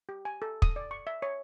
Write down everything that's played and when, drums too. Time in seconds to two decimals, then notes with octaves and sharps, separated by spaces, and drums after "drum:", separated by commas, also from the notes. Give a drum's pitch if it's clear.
0.09 G4
0.25 G#5
0.42 A4
0.62 D#6, drum: kick
0.76 D5
0.91 C#6
1.07 E5
1.22 C#5